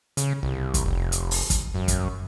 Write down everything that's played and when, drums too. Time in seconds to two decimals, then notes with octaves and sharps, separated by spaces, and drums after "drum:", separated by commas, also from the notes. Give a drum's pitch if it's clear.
0.17 C#3, drum: hi-hat
0.43 C2
0.74 drum: kick, hi-hat
0.85 F1
1.12 drum: hi-hat
1.31 drum: open hi-hat
1.50 drum: kick, hi-hat
1.75 F#2
1.88 drum: kick, hi-hat